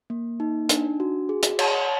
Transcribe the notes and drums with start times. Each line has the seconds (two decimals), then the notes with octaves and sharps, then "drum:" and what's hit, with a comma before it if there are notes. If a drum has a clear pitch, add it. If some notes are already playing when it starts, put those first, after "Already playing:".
0.10 A#3
0.40 D#4
0.69 D4, drum: hi-hat
1.00 F#4
1.29 G#4
1.43 drum: hi-hat
1.59 C#5, drum: cymbal